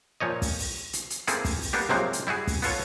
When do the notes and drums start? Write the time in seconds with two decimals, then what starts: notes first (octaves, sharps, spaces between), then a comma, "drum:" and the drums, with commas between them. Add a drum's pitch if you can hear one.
0.20 A#2 F3 C#5 D#5
0.42 drum: kick, open hi-hat
0.59 drum: open hi-hat
0.93 drum: hi-hat
1.10 drum: hi-hat
1.27 A#3 C4 E4 G#4 A4, drum: hi-hat
1.45 drum: kick, open hi-hat
1.62 drum: open hi-hat
1.73 G3 A#3 B3 D4 G4
1.89 C3 F3 F#3 G#3 A#3 C4
2.13 drum: hi-hat
2.27 G3 E4 F#4 G#4
2.47 drum: kick, open hi-hat
2.62 B3 F4 A4 C#5, drum: open hi-hat